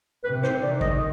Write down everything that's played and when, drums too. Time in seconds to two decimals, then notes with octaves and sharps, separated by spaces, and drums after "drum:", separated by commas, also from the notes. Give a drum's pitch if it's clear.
0.24 C3 B4
0.43 C5, drum: rim click
0.62 D#3 D5
0.81 D#5, drum: kick